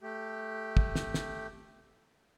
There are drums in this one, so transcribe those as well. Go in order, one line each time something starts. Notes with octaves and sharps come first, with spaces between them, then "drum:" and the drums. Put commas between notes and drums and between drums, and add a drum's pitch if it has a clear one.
A3 G4
drum: kick
drum: snare
drum: snare